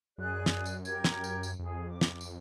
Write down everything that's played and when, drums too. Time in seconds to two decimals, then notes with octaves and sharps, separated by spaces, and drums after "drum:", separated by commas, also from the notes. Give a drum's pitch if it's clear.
0.18 F#2 G#4 D5 F#6
0.46 drum: snare
0.66 drum: tambourine
0.85 G4 A#4 G#6, drum: tambourine
1.04 drum: snare
1.24 drum: tambourine
1.43 drum: tambourine
1.59 F2 G#4
1.88 D6
2.01 drum: snare
2.21 drum: tambourine